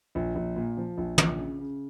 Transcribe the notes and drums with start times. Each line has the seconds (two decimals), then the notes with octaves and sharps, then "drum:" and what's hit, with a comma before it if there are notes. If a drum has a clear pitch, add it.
0.15 A#1
0.35 A#1
0.56 A#2
0.77 F3
0.97 A#1
1.18 A#1, drum: tom
1.38 C#3
1.59 C#3